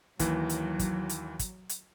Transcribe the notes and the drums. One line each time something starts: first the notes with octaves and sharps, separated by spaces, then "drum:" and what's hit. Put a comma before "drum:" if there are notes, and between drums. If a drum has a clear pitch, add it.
D#2 E3 F#3, drum: kick, hi-hat
drum: hi-hat
drum: kick, hi-hat
drum: hi-hat
drum: kick, hi-hat
drum: hi-hat